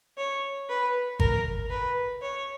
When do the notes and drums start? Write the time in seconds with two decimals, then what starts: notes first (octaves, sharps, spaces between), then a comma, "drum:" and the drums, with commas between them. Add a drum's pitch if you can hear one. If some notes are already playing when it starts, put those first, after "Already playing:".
0.18 C#5
0.69 B4
1.20 A#4, drum: kick G#1
1.70 B4
2.22 C#5